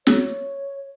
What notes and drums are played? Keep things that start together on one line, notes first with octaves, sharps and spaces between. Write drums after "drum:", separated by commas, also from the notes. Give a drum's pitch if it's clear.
C#5, drum: snare